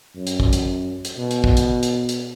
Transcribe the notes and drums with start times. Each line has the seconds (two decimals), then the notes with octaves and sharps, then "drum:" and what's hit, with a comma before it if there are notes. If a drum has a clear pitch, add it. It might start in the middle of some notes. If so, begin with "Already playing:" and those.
0.16 F#2
0.27 drum: hi-hat
0.40 drum: kick
0.53 drum: hi-hat
1.05 drum: hi-hat
1.18 B2
1.31 drum: hi-hat
1.44 drum: kick
1.57 drum: hi-hat
1.83 drum: hi-hat
2.09 drum: hi-hat